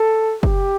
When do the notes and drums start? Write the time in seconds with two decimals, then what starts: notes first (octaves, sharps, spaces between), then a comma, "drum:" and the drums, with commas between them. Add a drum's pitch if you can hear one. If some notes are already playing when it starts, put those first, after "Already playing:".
Already playing: A4
0.43 G4, drum: kick